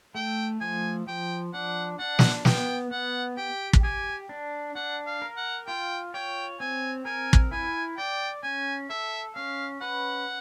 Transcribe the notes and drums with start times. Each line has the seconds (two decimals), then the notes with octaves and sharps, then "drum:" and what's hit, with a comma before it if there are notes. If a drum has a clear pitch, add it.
0.15 A3 G5
0.61 F3 G#5
1.07 F3 G5
1.54 D4 F#5
1.99 D4 F#5
2.19 drum: snare
2.45 B3 G5, drum: snare
2.91 B3 F#5
3.37 G4 G5
3.73 drum: kick
3.83 G4 G#5
4.29 D4
4.75 D4 F#5
5.06 F5
5.22 A#4
5.37 F#5
5.67 F4 G5
6.14 C#5 G5
6.60 C4 G#5
7.05 A#4 G#5
7.33 drum: kick
7.51 E4 G#5
7.98 D5 G5
8.43 C#4 G#5
8.90 A4 E5
9.35 C#4 F5
9.81 B4 F#5